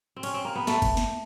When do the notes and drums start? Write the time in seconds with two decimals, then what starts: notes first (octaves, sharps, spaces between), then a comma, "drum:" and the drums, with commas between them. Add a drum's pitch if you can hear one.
0.16 C4
0.23 C#4, drum: cymbal
0.34 C4
0.45 A#3
0.55 B3
0.67 A3, drum: snare
0.82 drum: kick G1, cymbal
0.97 drum: snare